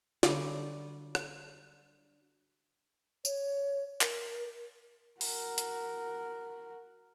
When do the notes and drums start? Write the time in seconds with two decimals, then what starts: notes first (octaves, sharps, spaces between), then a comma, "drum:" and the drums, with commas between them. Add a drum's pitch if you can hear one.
0.23 D3 F#3 G3, drum: snare
1.15 drum: rim click
3.25 C#5, drum: tambourine
4.01 A#4, drum: clap
5.21 F#4 A#4, drum: open hi-hat
5.58 drum: hi-hat